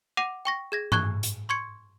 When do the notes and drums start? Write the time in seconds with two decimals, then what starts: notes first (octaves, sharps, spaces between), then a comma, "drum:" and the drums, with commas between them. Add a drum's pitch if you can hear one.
0.17 F#5 D6 A#6 D#7 F7
0.45 G5 C#6 A#6
0.72 G#4 G#6 A#6
0.92 C#6 F#6 G#6 G7, drum: tom G2
1.23 drum: hi-hat
1.49 C6 C#6 G#6 C#7